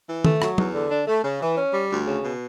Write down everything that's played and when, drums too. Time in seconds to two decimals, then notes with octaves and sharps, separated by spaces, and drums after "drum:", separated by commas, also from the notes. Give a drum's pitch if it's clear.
0.09 E3
0.25 A3, drum: tom D#3
0.42 F#3, drum: rim click
0.58 E2, drum: tom F#3
0.75 D3
0.91 D4
1.07 A3
1.24 C#3
1.42 E3
1.58 C#4
1.74 G3
1.91 D2
2.07 C#3
2.23 B2